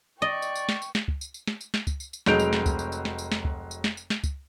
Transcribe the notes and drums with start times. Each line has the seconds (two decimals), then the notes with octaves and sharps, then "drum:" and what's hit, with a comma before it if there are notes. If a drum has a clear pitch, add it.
0.22 D5 D#5 G5 C#6
0.42 drum: tambourine
0.55 drum: tambourine
0.69 drum: snare
0.82 drum: tambourine
0.95 drum: snare
1.08 drum: kick
1.21 drum: tambourine
1.34 drum: tambourine
1.47 drum: snare
1.61 drum: tambourine
1.74 drum: snare
1.87 drum: kick, tambourine
2.00 drum: tambourine
2.13 drum: tambourine
2.26 F1 F#3 G#3 G6 D7 F7, drum: snare
2.40 drum: tambourine
2.53 drum: snare
2.66 drum: kick, tambourine
2.79 drum: tambourine
2.92 drum: tambourine
3.05 drum: snare
3.18 drum: tambourine
3.32 drum: snare
3.45 drum: kick
3.71 drum: tambourine
3.84 drum: snare
3.97 drum: tambourine
4.10 drum: snare
4.24 drum: kick, tambourine